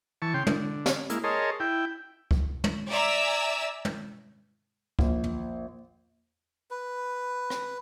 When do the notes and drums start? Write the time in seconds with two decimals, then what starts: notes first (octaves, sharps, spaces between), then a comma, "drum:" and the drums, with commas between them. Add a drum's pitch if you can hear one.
0.22 E3 A5 C#6
0.34 C#3 G5 C6
0.47 D3, drum: tom
0.86 drum: snare
1.10 G#3 A#3 E4, drum: hi-hat
1.24 G#4 A#4 C#5 D#5 A5 C6
1.60 E4 G5
2.31 drum: kick C#2
2.64 drum: tom
2.90 D5 E5 G#5 A#5 D6 E6
3.85 drum: tom
4.99 A#1, drum: kick C#2
5.24 drum: tom E2
6.71 B4
7.50 drum: rim click